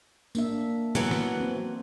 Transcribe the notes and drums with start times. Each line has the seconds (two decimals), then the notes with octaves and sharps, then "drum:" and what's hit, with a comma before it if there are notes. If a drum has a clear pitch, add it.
0.35 A#3 D4 E5, drum: tambourine
0.95 E3 F#3 B3, drum: tom A2
1.11 drum: snare
1.40 C4